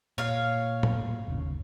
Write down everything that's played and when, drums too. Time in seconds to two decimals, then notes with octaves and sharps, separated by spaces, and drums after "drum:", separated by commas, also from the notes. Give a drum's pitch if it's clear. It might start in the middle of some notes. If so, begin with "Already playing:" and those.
0.18 A#2 C#5 F5
0.83 drum: tom A2
1.28 G1 D#2 C#3